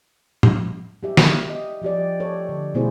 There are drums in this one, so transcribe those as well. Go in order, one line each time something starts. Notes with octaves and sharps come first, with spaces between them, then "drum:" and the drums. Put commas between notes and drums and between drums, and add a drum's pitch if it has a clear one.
drum: tom
G3 G4 E5
drum: snare
D#5
F3 G3 G4 D5
A4 C#5
D3
B2 A3 B3 E4 G#4 C5